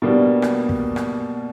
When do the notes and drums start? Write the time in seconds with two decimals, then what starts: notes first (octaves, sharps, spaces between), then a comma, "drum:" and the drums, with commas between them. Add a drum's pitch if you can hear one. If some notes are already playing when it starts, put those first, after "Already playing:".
0.02 B2 G3 A#3 D4
0.42 drum: rim click
0.69 drum: kick
0.96 drum: rim click